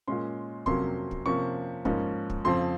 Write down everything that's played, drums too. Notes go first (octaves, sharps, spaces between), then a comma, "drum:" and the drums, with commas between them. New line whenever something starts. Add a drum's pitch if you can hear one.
A#2 G#3 C#4 C6
F2 C3 F#3 A#3 C#4 C6, drum: kick
drum: kick
C3 F3 A#3 C#4 C#6
G#2 F3 A#3 C#4, drum: kick
drum: kick
F2 C#3 F3 C4 C6